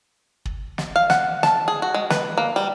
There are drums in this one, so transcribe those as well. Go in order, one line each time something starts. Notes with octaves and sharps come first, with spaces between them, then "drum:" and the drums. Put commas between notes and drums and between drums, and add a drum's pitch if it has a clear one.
drum: kick
drum: snare
F5
F#5, drum: snare
A5, drum: snare
G#4
F#4
G#3
B4, drum: snare
A#3
G3